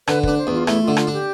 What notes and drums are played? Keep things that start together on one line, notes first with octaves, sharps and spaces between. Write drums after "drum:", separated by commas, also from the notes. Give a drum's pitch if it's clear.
D3 B4, drum: rim click
D4 B4, drum: kick
C5
E2
F4
A3 E4, drum: rim click
F4
D3
F4, drum: rim click
D4
G4